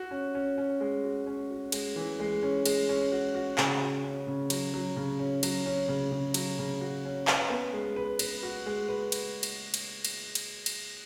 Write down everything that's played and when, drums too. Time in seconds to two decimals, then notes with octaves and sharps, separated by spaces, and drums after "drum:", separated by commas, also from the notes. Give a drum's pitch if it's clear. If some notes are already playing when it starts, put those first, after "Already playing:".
Already playing: F#4
0.11 C#4
0.35 C#4
0.58 C#4
0.80 G#3
1.04 F#4
1.27 C#4
1.50 F#4
1.72 G#3, drum: cymbal
1.96 E3
2.20 G#3
2.43 C#4
2.66 G#3, drum: cymbal
2.89 C#4
3.12 F#4
3.35 F#4
3.58 C#3, drum: clap
3.81 F#4
4.04 C#4
4.27 C#3
4.50 F#3, drum: cymbal
4.74 F#3
4.97 C#3
5.19 C#4
5.43 F#3, drum: cymbal
5.66 C#4
5.88 C#3
6.11 C#3
6.34 F#3, drum: cymbal
6.59 C#3
6.81 F#4
7.05 C#4
7.27 B4, drum: clap
7.50 B3
7.73 G#3
7.96 B4
8.19 B4, drum: cymbal
8.43 F#4
8.66 G#3
8.88 B4
9.12 drum: cymbal
9.43 drum: cymbal
9.74 drum: cymbal
10.05 drum: cymbal
10.35 drum: cymbal
10.66 drum: cymbal